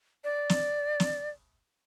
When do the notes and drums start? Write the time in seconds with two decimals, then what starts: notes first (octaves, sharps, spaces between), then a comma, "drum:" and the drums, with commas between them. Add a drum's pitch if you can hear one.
0.24 D5
0.49 drum: snare
1.00 drum: snare